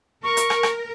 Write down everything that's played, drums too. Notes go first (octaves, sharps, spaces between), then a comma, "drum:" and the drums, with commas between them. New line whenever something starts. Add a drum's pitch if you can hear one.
A#4 C#6
drum: hi-hat
drum: rim click
drum: rim click